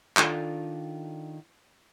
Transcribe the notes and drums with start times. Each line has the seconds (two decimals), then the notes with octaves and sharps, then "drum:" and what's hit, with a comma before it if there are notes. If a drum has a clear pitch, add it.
0.17 D#3 D4 F4 A4, drum: clap